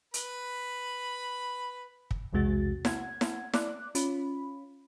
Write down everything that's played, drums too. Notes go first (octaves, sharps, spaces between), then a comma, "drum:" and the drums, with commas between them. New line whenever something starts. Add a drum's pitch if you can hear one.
B4 B5, drum: hi-hat
drum: kick
B1 E2 C3 G#3 F#4 A6
F#5 G#6, drum: snare E4
drum: snare E4
D5 D6 F#6, drum: snare E4
C#4 F4 B5, drum: hi-hat